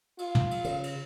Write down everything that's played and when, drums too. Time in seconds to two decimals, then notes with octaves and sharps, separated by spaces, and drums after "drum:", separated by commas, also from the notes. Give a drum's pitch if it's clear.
0.19 F4, drum: cymbal
0.35 drum: tom
0.51 drum: cymbal
0.64 C#3, drum: cymbal
0.84 drum: cymbal